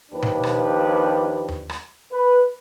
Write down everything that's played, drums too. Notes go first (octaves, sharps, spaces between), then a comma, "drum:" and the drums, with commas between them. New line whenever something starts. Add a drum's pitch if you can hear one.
D#2 F3 D4 G4 B4
drum: tom B2
drum: rim click
drum: tom D#2
drum: rim click
B4